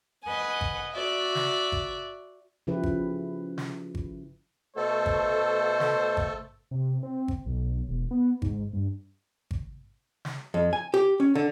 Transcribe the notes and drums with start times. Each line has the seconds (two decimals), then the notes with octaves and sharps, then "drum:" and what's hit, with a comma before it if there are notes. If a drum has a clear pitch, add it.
0.24 B4 D#5 F#5 G#5
0.61 drum: kick G#1
0.92 F#4 D5 E5
1.35 drum: snare
1.72 drum: kick G#1
2.67 C#3 F3 E4 G4 B4
2.83 drum: kick G#1
3.58 drum: snare
3.95 drum: kick G#1
4.77 B2 A3 A4 C5
5.06 drum: kick G#1
5.80 drum: snare
6.17 drum: kick G#1
6.71 C3
7.03 C4
7.28 drum: kick G#1
7.46 B1
7.89 E1
8.11 B3
8.42 G#2, drum: kick G#1
8.73 G2
9.51 drum: kick G#1
10.25 drum: snare
10.54 F2
10.73 G#5
10.94 G4
11.20 C#4
11.35 D3